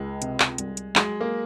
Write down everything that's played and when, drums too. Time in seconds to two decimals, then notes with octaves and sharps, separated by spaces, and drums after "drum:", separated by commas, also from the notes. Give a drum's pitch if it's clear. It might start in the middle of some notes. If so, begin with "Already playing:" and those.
Already playing: C#2 G#3
0.22 C3, drum: hi-hat
0.40 drum: clap
0.58 C2, drum: hi-hat
0.77 drum: hi-hat
0.96 F#3 G#3, drum: clap
1.21 A#3